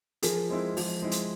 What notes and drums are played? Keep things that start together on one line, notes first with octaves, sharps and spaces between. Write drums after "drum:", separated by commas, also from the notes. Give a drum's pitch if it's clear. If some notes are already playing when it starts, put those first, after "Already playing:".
F3 G#4 A#4, drum: hi-hat
G#3 C4 E4
F3, drum: open hi-hat
G#3 C4 E4
drum: hi-hat